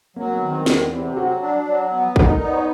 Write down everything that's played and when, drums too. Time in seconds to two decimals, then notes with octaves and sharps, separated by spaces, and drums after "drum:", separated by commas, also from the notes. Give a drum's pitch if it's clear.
0.16 F#3 A#3
0.33 B3
0.41 D#3
0.50 C4
0.66 E2 C4, drum: snare
0.78 B3
0.91 C3 C4
1.11 G4
1.16 F#3 F#4
1.42 D4
1.66 F#3
1.92 B3
2.16 D#4 A4, drum: kick
2.29 A#4
2.41 B3 D5
2.53 C#5